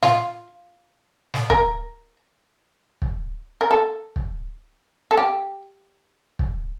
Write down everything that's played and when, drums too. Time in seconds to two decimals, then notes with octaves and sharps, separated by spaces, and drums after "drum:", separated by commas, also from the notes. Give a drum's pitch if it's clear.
0.03 F4, drum: snare
1.34 drum: snare
1.50 A#4, drum: kick
3.02 drum: kick
3.61 A#4
3.71 A4
4.16 drum: kick
5.11 A4
5.17 G4
6.39 drum: kick